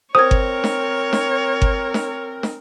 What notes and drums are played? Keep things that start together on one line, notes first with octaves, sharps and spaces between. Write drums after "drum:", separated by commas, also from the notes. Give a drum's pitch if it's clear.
C4 A#4 C5 C#5 D#6 G#6
drum: kick G1
drum: snare
drum: snare
drum: kick G1
drum: snare
drum: snare